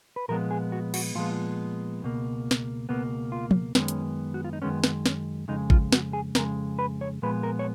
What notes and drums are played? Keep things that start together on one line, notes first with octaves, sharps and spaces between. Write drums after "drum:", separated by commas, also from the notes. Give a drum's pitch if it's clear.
B4
A#2 F3 G#3 B3 A#4
G#4
F#4
F#4, drum: cymbal
A#2 F3 G#3 B3 F4
C#2 B2 A#3
drum: snare
C#2 B2 A#3 B3
F4
drum: tom
F#2 D#3 G#3 B3 C#4, drum: snare
drum: hi-hat
F#4
F4
D#4
F#2 D#3 G#3 B3 C#4
B3, drum: snare
C#4, drum: snare
F2 C#3 G#3 D#4
F4, drum: kick
F#4, drum: snare
G#4
F2 C#3 G#3 A#4, drum: snare
B4
C#5
A#2 F3 G#3 B3 B4
A#4
C#5